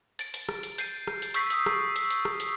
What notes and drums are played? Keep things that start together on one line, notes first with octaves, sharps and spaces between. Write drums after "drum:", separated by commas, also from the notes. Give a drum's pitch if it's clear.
A6 D7, drum: hi-hat
drum: hi-hat
drum: rim click
drum: hi-hat
G6 C7 D7 D#7, drum: hi-hat
drum: rim click
drum: hi-hat
C#6 E6 G6 B6 C7, drum: hi-hat
D#6 E6 C7, drum: hi-hat
drum: rim click
drum: hi-hat
drum: hi-hat
drum: rim click
drum: hi-hat